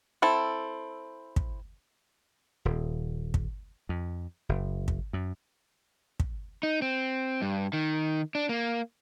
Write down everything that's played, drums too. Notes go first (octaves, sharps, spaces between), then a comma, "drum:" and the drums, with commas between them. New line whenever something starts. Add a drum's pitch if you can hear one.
C4 E4 A4
drum: kick
D#1
drum: kick
F2
F#1
drum: kick
F#2
drum: kick
D#4
C4
G2
D#3
D4
A#3